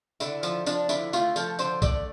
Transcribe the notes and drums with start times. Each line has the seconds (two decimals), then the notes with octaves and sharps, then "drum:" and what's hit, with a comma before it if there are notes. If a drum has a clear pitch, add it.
0.20 D3 E4, drum: tambourine
0.43 F3, drum: tambourine
0.66 F3 D4, drum: tambourine
0.89 D3 E4, drum: tambourine
1.13 A3 F4, drum: tambourine
1.36 F3 A4, drum: tambourine
1.59 D3 C5, drum: tambourine
1.82 A3 D5, drum: kick A#1, tambourine